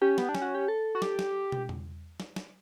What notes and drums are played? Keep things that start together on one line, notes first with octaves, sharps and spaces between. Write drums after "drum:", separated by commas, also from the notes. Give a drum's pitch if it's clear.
C#4 G4
B3, drum: snare
D4
C#4, drum: snare
F#4
G4
A4
F#4
G4, drum: snare
drum: snare
drum: tom
drum: tom E2
drum: snare
drum: snare